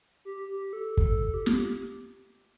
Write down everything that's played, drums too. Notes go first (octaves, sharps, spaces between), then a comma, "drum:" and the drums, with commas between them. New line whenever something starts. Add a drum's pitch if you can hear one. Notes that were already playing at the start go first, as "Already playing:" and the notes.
G4
G4
A4
A4, drum: kick
G4
drum: snare